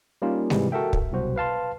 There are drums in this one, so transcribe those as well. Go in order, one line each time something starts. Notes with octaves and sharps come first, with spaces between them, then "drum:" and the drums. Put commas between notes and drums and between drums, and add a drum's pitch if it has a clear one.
G3 A#3 C#4 D#4 F4
G#2 C3 E3 G3 G#3, drum: snare G#3
F#4 A4 A#4 E5 G5
drum: kick
C2 B2 F#3 F#4 C5
B4 F5 A5 C6